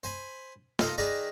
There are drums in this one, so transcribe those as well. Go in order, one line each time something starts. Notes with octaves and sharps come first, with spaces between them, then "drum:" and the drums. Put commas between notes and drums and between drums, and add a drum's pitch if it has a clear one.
C5 G#5 B5
D#4 F4 A4 D#5 A#5, drum: snare
D#3 G#4 B4 D5 A#5